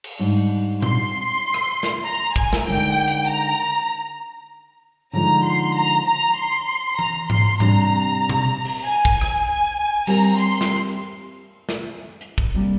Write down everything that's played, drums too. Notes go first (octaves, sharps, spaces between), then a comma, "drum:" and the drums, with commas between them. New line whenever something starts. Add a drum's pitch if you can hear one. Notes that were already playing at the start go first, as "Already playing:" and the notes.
drum: cymbal
G#2 G3 D4
C6, drum: tom A#2
drum: rim click
drum: snare
A#5
G#5, drum: kick
drum: snare
D3 G#3 D#4 A#4 G5
drum: hi-hat
A#5
D3 F3 G#3 D#4 A#5
C6
A#5
A#5
C6
A#5, drum: tom E3
C6, drum: tom G#2
C3 G3 D4 A#5, drum: tom G#2
drum: tom B2
drum: open hi-hat
G#5
drum: kick
drum: rim click
G#5
G3 C4 G4 A#4 A#5, drum: cymbal
C6, drum: hi-hat
drum: snare
drum: hi-hat
drum: snare
drum: hi-hat
drum: kick
C3 G3 A#3